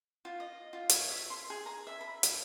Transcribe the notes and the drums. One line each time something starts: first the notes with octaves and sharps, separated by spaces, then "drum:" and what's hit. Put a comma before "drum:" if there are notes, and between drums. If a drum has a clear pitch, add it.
F4
D#5
F4
C#5, drum: hi-hat
E5
C6
G#4
A#5
E5
B5
drum: hi-hat